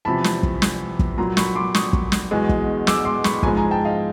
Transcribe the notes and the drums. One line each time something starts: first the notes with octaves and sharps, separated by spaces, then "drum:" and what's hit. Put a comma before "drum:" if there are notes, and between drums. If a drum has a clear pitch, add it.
E2 C3 F3 A5 B5
drum: snare
drum: kick
drum: snare
drum: kick
A#2 F#3 A#5 C6
B5 C#6, drum: snare
C6 D6
C#6 D#6, drum: snare
drum: kick
drum: snare
E2 B2 G#3
drum: kick
D6 E6, drum: snare
C6 D6
B5 C#6, drum: snare
G#2 F3 G#3 G#5 A#5, drum: kick
G#5 A#5
G5 A5
D#5 F5